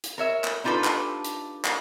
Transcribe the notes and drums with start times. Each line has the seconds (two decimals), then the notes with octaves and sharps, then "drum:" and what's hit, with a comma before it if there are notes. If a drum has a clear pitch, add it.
0.04 drum: hi-hat
0.18 A#4 C#5 E5
0.44 drum: clap
0.64 D4 D#4 F4 G4 A4 B4
0.84 drum: clap
1.24 drum: hi-hat
1.65 drum: clap